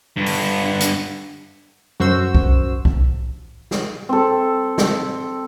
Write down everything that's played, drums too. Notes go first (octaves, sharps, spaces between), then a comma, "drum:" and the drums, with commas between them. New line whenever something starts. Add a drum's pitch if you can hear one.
G2 B3
drum: open hi-hat
drum: hi-hat
F#2 F#4 C5 E6, drum: tom F#3
drum: kick B1
drum: kick B1
drum: snare
C4 A4
drum: snare